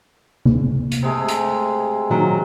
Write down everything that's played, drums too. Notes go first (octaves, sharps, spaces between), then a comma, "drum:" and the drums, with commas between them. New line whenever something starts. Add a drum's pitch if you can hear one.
drum: tom C3
drum: hi-hat
C3 G#3 A3
drum: hi-hat
D#3 F#3 C#4